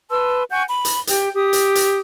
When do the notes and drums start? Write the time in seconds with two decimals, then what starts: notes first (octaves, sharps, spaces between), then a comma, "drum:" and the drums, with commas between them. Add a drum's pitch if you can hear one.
0.10 B4 A5 C6 E6
0.51 F#5 G#5 C#6 G6
0.69 B5
0.85 drum: hi-hat
1.07 G4 G5, drum: hi-hat
1.35 G4 D#6
1.53 drum: hi-hat
1.75 drum: hi-hat